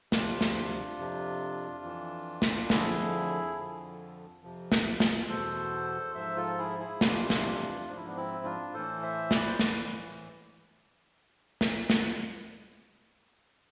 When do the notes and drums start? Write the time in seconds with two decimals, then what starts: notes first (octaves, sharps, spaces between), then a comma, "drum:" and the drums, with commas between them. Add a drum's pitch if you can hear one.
0.12 D2 C3 F3 D4 F4, drum: snare
0.41 drum: snare
0.99 F2 C3 F3
1.84 F2 E3
2.42 drum: snare
2.70 F2 D3 F3 E4 G#4, drum: snare
3.57 F2 D3 F3
4.43 F2 C3 F3
4.72 drum: snare
5.00 drum: snare
5.29 E2 B2 A4 C5
6.15 G#2 F3 C5 E5
6.37 F4 A4
6.58 E4 G#4
6.79 E4 G#4
7.01 F2 C3 E3 D4 F4, drum: snare
7.30 drum: snare
7.87 G#2 F3 D4
7.96 E4
8.06 B3 D4
8.16 C4 E4
8.44 D4 F4
8.74 A2 E3 A4 C5
9.02 C5 E5
9.31 B4 D5, drum: snare
9.48 C5
9.59 A2 E3 B4 D5, drum: snare
11.61 drum: snare
11.90 drum: snare